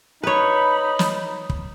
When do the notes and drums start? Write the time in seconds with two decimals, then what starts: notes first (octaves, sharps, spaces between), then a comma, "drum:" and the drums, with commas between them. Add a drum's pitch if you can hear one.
0.23 D#4 B4 C#5 B5
0.99 drum: snare
1.50 drum: kick